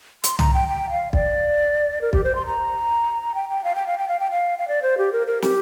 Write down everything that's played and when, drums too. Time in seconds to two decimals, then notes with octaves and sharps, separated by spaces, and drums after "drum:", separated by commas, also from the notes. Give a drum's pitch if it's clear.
0.24 C6, drum: hi-hat
0.39 A#5, drum: tom
0.54 G5
0.68 G5
0.90 F5
1.13 D5, drum: kick
2.01 A#4
2.13 G4, drum: kick
2.24 C5
2.35 C6
2.46 A#5
3.35 G5
3.50 G5
3.64 F5
3.75 G5
3.87 F5
3.98 G5
4.08 F5
4.20 G5
4.31 F5
4.59 F5
4.68 D5
4.82 C5
4.98 G4
5.13 A#4
5.27 A#4
5.42 G4, drum: snare